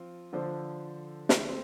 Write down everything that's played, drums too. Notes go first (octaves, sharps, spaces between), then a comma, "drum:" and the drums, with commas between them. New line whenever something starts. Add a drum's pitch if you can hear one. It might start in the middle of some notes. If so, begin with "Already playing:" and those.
Already playing: F3 C4 F4
D3 F3 D4 A4 C5
drum: snare
A3 C4